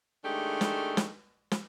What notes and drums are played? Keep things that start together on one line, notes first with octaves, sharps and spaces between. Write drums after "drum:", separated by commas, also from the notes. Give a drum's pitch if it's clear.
D#3 G#3 A3 D4 G4
drum: snare
drum: snare
drum: snare